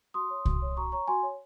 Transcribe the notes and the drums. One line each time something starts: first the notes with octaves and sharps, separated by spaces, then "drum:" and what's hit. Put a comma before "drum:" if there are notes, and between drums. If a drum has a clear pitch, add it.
F#4 C6 D#6
C#5
F#4, drum: kick C2
C#5
F#4 A#5 C#6
C#5 A#5 C#6
F#4 G#5 C6
C#5